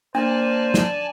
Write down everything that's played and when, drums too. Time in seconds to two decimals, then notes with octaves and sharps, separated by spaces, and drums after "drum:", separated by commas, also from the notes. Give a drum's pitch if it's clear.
0.15 A#3 D4 C5 D5 G#5 A5
0.74 drum: snare